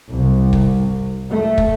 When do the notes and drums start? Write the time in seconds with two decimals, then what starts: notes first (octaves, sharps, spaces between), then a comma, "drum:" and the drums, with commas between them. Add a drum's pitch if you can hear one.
0.12 C2
0.53 drum: kick
1.31 A3
1.58 drum: kick